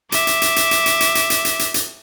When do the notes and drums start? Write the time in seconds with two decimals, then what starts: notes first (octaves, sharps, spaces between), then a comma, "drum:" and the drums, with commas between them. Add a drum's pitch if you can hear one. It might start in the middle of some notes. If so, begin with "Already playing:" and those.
0.12 E5 D6, drum: hi-hat
0.27 drum: hi-hat
0.42 drum: hi-hat
0.56 drum: hi-hat
0.71 drum: hi-hat
0.86 drum: hi-hat
1.00 drum: hi-hat
1.15 drum: hi-hat
1.30 drum: hi-hat
1.45 drum: hi-hat
1.59 drum: hi-hat
1.74 drum: hi-hat